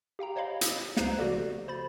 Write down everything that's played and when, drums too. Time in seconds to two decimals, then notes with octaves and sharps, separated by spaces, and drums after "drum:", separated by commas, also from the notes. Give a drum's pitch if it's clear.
0.19 G4 F5 G5 A#5
0.36 C5 C#5 D#5 F5 B5
0.61 drum: hi-hat
0.97 C#2 B4 C5 A#5 F#6 C7, drum: snare
1.19 C#3 F3 F#4 G4 A4 D5
1.68 C5 B5 A6